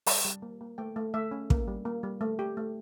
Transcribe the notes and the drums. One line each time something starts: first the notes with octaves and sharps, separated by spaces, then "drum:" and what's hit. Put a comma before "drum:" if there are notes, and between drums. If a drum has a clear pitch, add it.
G3 A5, drum: open hi-hat
G3
A#3
A#3
A3 G5
A3
A3 E5
C#4
A#3, drum: kick
G3
A#3
G3
A3
G4
A3